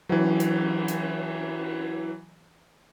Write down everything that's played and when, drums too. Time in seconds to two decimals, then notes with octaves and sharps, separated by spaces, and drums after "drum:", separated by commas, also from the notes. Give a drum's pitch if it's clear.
0.09 E3 F#3, drum: cymbal
0.40 drum: hi-hat
0.88 drum: hi-hat